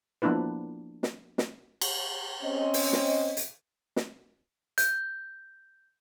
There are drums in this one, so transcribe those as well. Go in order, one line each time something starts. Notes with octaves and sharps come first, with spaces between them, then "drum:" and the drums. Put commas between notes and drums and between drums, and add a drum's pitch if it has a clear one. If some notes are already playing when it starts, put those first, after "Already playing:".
F3 A#3 B3 D4 E4 B4
drum: snare
drum: snare
drum: cymbal
C4 C#4 D#5
drum: open hi-hat
drum: snare
drum: hi-hat
drum: snare
G6, drum: hi-hat